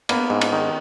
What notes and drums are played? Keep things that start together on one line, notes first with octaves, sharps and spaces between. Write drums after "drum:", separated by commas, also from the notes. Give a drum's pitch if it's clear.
A#3 B3, drum: cymbal
G#2
drum: cymbal
D#3